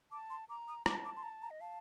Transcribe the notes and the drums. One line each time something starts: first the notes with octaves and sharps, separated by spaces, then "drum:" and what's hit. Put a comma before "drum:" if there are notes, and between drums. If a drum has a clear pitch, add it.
A5 D6
C6
A#5 D6
D#6
A5 D6, drum: rim click
D6
C6
A#5
A#5
D#5
F5 A5